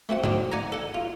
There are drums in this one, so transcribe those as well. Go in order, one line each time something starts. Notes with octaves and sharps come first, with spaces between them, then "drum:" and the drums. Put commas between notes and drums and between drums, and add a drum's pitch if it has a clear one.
A3 C4 F#4 F#5
D3 F#3 C4 D4, drum: tom G#2
D5 F#5 G#5 A#5
A4 F#5
F4